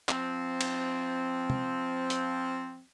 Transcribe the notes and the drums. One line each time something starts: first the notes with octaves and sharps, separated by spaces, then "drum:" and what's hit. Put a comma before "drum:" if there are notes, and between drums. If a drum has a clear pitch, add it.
F3 C4, drum: clap
drum: cymbal
drum: tom
drum: hi-hat